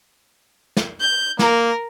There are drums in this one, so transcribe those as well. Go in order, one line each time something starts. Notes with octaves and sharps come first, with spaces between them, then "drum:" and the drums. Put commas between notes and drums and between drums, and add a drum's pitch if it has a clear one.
drum: snare
G6
A#3 A#4, drum: snare